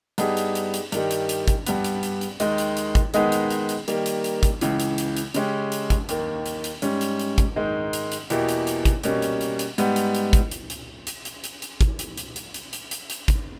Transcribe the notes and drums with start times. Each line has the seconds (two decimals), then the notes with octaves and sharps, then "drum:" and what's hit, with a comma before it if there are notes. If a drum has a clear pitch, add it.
0.18 G2 G3 B3 D#4 G#4, drum: hi-hat
0.37 drum: hi-hat
0.55 drum: hi-hat
0.74 drum: hi-hat
0.92 G2 D#3 G3, drum: hi-hat
1.11 drum: hi-hat
1.29 drum: hi-hat
1.48 drum: kick, hi-hat
1.66 G2 G3 B3, drum: hi-hat
1.84 drum: hi-hat
2.03 drum: hi-hat
2.21 drum: hi-hat
2.40 D#2 D#3 G#3 D#4, drum: hi-hat
2.58 drum: hi-hat
2.77 drum: hi-hat
2.95 drum: kick, hi-hat
3.14 D#3 G#3 B3 D#4 G#4, drum: hi-hat
3.32 drum: hi-hat
3.50 drum: hi-hat
3.69 drum: hi-hat
3.88 D#3 G3 A#3, drum: hi-hat
4.06 drum: hi-hat
4.24 drum: hi-hat
4.43 drum: kick, hi-hat
4.61 C#2 C#3 E3, drum: hi-hat
4.80 drum: hi-hat
4.98 drum: hi-hat
5.17 drum: hi-hat
5.34 C#3 G#3 C#4 G4, drum: hi-hat
5.72 drum: hi-hat
5.90 drum: kick, hi-hat
6.09 D#2 D#3 A#3, drum: hi-hat
6.46 drum: hi-hat
6.64 drum: hi-hat
6.82 G#2 G3 C#4, drum: hi-hat
7.01 drum: hi-hat
7.19 drum: hi-hat
7.38 drum: kick, hi-hat
7.56 G#2 D#3 G#3 D#4
7.93 drum: hi-hat
8.12 drum: hi-hat
8.30 E2 B2 A#3 E4 G4, drum: hi-hat
8.49 drum: hi-hat
8.67 drum: hi-hat
8.85 drum: kick, hi-hat
9.03 B2 G3 A#3 C#4, drum: hi-hat
9.22 drum: hi-hat
9.41 drum: hi-hat
9.59 drum: hi-hat
9.78 G#2 G3 B3, drum: hi-hat
9.96 drum: hi-hat
10.15 drum: hi-hat
10.33 drum: kick, hi-hat
10.51 drum: hi-hat
10.70 drum: hi-hat
11.07 drum: hi-hat
11.25 drum: hi-hat
11.44 drum: hi-hat
11.62 drum: hi-hat
11.81 drum: kick, hi-hat
11.99 drum: hi-hat
12.17 drum: hi-hat
12.36 drum: hi-hat
12.54 drum: hi-hat
12.73 drum: hi-hat
12.91 drum: hi-hat
13.10 drum: hi-hat
13.28 drum: kick, hi-hat